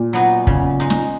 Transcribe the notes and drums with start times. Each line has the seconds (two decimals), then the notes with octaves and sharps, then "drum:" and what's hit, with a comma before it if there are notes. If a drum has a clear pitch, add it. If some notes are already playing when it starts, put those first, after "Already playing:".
Already playing: A#2
0.13 F#3 B3 D#4
0.47 C#3, drum: kick
0.80 G#3 D#4
0.90 drum: snare